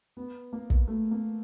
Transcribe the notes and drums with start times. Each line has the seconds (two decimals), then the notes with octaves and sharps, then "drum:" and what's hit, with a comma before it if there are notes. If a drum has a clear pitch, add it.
0.17 B3
0.53 A#3
0.70 drum: kick
0.88 A3
1.11 A#3